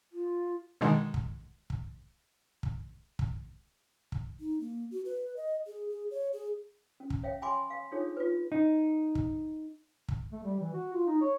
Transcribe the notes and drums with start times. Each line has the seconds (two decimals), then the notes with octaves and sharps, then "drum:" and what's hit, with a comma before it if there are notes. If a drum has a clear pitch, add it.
0.12 F4
0.81 B2 D3 D#3 G#3
1.14 drum: kick
1.70 drum: kick
2.63 drum: kick
3.19 drum: kick
4.12 drum: kick
4.40 D#4
4.60 A#3
4.91 F#4
5.05 B4
5.36 D#5
5.67 G#4
5.89 G#4
6.11 C#5
6.33 G#4
7.00 C#4
7.10 drum: kick
7.23 C#5 E5 F5 G5
7.42 E5 G5 G#5 B5 C6 D6
7.70 F5
7.92 D4 D#4 F4 G#4 A4 C#5
8.17 F4 B4
8.52 D#4
9.15 drum: kick
10.08 drum: kick
10.32 A3
10.44 G3
10.60 E3
10.74 F#4
10.93 F4
11.06 D#4
11.21 C#5